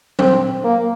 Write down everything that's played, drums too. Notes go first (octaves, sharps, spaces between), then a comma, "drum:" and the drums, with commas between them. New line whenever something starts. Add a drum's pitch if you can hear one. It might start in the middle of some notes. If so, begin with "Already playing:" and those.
C4, drum: tom F#3
A#3